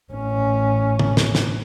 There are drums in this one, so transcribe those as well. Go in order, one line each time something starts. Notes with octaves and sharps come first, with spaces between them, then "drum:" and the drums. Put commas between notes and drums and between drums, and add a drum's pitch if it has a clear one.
A1 C#4
drum: tom
drum: snare
drum: snare